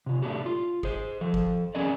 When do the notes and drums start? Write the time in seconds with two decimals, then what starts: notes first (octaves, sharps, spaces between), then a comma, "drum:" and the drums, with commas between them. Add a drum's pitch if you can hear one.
0.06 C3 F4
0.22 A2 A3 B3 D4 F#4 G4
0.46 F4
0.83 G#4 C5, drum: kick
1.21 F3 A4
1.34 drum: kick
1.75 C4 C#4 G#4 A#4 D5 D#5